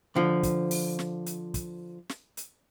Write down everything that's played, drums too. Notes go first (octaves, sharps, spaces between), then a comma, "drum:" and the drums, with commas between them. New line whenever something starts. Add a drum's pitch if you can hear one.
D3 F3
drum: kick, hi-hat
drum: open hi-hat
drum: snare
drum: hi-hat
drum: kick, hi-hat
drum: snare
drum: hi-hat